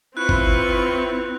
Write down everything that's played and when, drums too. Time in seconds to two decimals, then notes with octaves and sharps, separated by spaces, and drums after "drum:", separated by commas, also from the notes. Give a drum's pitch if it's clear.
0.17 C4 E4 F4 B4 C#6 F#6
0.29 drum: kick